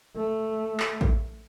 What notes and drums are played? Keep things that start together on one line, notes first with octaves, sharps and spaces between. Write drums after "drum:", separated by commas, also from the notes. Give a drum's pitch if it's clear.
A3
drum: clap
drum: kick A1